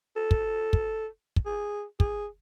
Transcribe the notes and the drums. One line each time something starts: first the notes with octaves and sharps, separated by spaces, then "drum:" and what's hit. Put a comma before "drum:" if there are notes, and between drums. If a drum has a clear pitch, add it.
A4
drum: kick
drum: kick
drum: kick
G#4
G#4, drum: kick